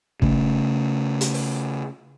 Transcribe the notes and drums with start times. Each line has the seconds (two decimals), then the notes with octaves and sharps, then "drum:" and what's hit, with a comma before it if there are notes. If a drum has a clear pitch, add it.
0.22 C#3 A3, drum: kick
1.21 drum: hi-hat
1.34 drum: open hi-hat